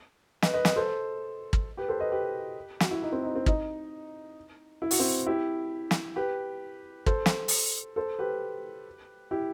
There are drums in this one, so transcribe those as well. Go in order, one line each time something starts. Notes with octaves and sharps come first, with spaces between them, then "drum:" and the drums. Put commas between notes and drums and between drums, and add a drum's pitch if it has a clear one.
B4 D#5, drum: snare
B4 D#5
B4 D#5, drum: snare
A4 C5
drum: kick
G4 B4
A4 C5
B4 D#5
G4 B4
F#4, drum: snare
E4
D#4
C4
D#4
C4
D#4, drum: kick
E4
F#4, drum: open hi-hat
C4 E4
E4 G4
drum: snare
G4 B4
A4 C5, drum: kick
drum: snare
drum: open hi-hat
A4 C5
G4 B4
E4 G4